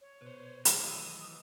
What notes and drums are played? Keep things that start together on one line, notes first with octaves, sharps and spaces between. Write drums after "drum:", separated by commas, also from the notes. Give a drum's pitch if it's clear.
C#5
B2 B4 C5
D#3 E3 F#3 A3, drum: hi-hat
D#5 D#6 E6